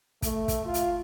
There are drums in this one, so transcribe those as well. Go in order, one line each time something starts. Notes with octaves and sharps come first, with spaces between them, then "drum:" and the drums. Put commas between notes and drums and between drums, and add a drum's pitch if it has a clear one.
A3, drum: kick, hi-hat
drum: kick, hi-hat
F4
drum: hi-hat